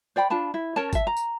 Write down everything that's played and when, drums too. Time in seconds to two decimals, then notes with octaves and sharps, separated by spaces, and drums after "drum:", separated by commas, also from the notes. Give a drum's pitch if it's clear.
0.16 C5 D5 G5 B5
0.30 D4 F4 A5 B5
0.54 E4
0.76 C#4 A#4 C#5 A5
0.93 E5 A5, drum: kick G1, tambourine
1.07 A#5
1.17 drum: tambourine